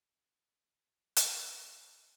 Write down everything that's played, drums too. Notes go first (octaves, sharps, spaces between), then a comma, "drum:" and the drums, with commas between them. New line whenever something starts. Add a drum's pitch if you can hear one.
D#4 G#4
C#4 F#4
C#4 F#4
A#3 D#4
G#3 C#4
A#3
A#3
drum: hi-hat
G#3
A#3
G#3
G#3